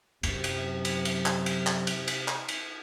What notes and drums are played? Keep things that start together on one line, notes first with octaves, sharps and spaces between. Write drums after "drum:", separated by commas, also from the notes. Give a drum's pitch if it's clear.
F#2 C3, drum: cymbal
drum: cymbal
drum: cymbal
drum: cymbal
drum: clap
drum: cymbal
drum: clap
drum: cymbal
drum: cymbal
drum: clap
drum: cymbal